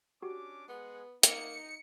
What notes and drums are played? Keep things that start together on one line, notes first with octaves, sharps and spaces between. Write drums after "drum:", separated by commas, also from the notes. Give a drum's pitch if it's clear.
C#4 D4 F#4 G4 D6
G#3 B3 G#4 F#5
A#3 D#4 C#7, drum: hi-hat